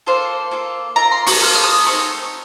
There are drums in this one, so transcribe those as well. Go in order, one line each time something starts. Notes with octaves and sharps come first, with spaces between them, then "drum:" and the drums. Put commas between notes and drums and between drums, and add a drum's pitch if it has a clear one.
A#3 F4 A4 C5
A#3 F4 A4
A#3 F4 A4 A#5
C6
C#6, drum: open hi-hat
A#3 F4 A4 F6
F6
D#6
A3 C4 D#4 C#6